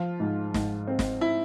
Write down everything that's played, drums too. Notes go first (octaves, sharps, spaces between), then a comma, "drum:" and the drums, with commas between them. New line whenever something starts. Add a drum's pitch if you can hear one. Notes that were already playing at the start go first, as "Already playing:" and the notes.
Already playing: F3 F4
G#2
G#2, drum: snare
C4
drum: snare
E4